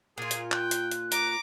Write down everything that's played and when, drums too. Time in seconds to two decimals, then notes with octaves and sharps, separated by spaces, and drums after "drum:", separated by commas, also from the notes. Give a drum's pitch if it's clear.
0.18 A#2 F4 G#4
0.31 drum: hi-hat
0.52 G5 F#6, drum: clap
0.71 drum: hi-hat
0.91 drum: hi-hat
1.12 A#5 D6, drum: hi-hat